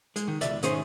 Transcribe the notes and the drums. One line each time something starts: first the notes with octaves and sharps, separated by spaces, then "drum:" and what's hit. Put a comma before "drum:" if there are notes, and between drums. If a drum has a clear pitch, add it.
G#3, drum: hi-hat
D#3
C#2 B2 D5 E5, drum: hi-hat
G#2 D#3 C#4 G#4 C5, drum: hi-hat